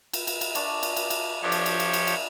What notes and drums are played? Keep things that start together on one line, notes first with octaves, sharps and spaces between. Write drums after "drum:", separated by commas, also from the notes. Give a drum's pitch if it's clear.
drum: cymbal
drum: cymbal
drum: cymbal
D4 A5 C#6, drum: cymbal
drum: cymbal
drum: cymbal
drum: cymbal
F3 B3 D4 G4 A4 C#5
drum: cymbal
drum: cymbal
drum: cymbal
drum: cymbal
drum: cymbal